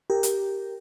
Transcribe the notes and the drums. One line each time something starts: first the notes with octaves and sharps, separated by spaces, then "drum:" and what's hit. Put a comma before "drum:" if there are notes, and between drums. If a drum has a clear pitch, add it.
G4 A#4
drum: hi-hat